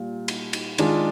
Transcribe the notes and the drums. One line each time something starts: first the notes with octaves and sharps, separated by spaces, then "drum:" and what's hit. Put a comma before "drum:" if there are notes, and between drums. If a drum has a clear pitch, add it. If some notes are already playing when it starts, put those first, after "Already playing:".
Already playing: A#2 G3
drum: cymbal
drum: cymbal
D#3 G#3 D4 F4, drum: cymbal